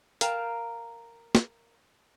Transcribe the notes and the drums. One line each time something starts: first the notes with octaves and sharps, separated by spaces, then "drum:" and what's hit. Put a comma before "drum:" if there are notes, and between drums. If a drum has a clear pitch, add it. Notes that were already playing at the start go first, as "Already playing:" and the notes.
A#4 F5 G5 A5 A#5, drum: hi-hat
drum: snare